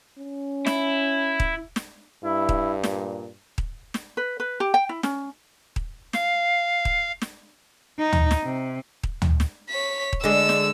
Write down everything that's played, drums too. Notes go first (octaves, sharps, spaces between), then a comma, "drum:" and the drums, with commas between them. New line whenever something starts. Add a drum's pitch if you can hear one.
C#4
E4, drum: snare
drum: kick D#1
drum: snare
G2 E4
drum: kick D#1
A#2, drum: snare
drum: kick D#1
drum: snare
B4
B4
G4
G5
E4
C#4, drum: snare
drum: kick D#1
F5, drum: snare
drum: kick D#1
drum: snare
D#4
drum: tom
drum: snare
C3
drum: kick D#1
drum: tom
drum: snare
C#5 B6
drum: kick D#1
D3 G#3 E6
drum: snare